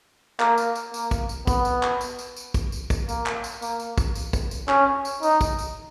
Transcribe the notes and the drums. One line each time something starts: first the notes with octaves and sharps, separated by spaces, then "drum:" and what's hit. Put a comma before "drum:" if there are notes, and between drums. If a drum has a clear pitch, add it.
A#3, drum: clap
drum: tambourine
drum: tambourine
A#3, drum: tambourine
drum: kick, tambourine
drum: tambourine
B3, drum: kick, tambourine
drum: tambourine
drum: clap
drum: tambourine
drum: tambourine
drum: tambourine
drum: kick, tambourine
drum: tambourine
drum: kick, tambourine
A#3, drum: tambourine
drum: clap
drum: tambourine
A#3, drum: tambourine
drum: tambourine
drum: kick, tambourine
drum: tambourine
drum: kick, tambourine
drum: tambourine
C#4, drum: clap
drum: tambourine
D#4, drum: tambourine
drum: kick, tambourine
drum: tambourine